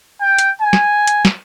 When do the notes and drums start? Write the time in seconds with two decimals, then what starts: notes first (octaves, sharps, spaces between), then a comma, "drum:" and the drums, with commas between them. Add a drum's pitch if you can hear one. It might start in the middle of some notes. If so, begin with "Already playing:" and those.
0.21 G5
0.39 drum: hi-hat
0.61 G#5
0.73 drum: snare
1.07 drum: hi-hat
1.25 drum: snare